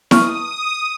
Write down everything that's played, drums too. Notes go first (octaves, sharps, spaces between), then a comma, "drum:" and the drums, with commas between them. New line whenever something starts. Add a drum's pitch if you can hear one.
C#6 D#6 F6, drum: snare E4